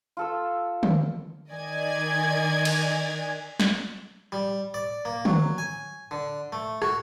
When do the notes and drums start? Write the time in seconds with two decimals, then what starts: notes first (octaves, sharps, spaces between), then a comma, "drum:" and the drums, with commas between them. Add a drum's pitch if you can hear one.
0.17 F4 A4 E6
0.83 drum: tom
1.51 D#3 D5 D#5 G#5 G#6
2.65 drum: cymbal
3.60 drum: snare
4.32 G3
4.74 D5
5.05 A#3
5.25 F#3, drum: tom
5.58 G#5
6.11 D3
6.52 A3
6.82 F#4, drum: rim click